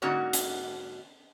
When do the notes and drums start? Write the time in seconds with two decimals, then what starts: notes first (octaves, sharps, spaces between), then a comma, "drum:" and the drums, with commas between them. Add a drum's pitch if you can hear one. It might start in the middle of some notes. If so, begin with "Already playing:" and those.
0.02 G#2 D3 A#3 C#4 F#4 C#5
0.33 drum: hi-hat